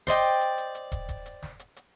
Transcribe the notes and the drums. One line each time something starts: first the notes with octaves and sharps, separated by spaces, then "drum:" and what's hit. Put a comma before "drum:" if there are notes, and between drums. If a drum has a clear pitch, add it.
C5 D5 D#5 G5, drum: snare
drum: hi-hat
drum: hi-hat
drum: hi-hat
drum: hi-hat
drum: kick, hi-hat
drum: kick, hi-hat
drum: hi-hat
drum: snare
drum: hi-hat
drum: hi-hat